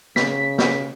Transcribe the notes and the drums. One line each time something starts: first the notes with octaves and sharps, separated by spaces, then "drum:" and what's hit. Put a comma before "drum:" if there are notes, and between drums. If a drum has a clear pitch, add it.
C#3 B6, drum: snare
drum: snare